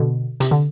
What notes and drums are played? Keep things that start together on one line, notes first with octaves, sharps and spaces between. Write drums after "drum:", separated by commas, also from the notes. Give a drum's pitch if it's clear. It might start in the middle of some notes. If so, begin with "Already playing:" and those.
Already playing: B2 D3
C3, drum: hi-hat
D3